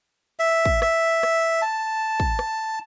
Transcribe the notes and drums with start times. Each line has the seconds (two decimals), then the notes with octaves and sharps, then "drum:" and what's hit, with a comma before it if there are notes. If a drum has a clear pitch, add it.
0.39 E5
0.65 drum: kick
0.82 E5, drum: rim click
1.23 drum: rim click
1.62 A5
2.20 drum: kick
2.39 drum: rim click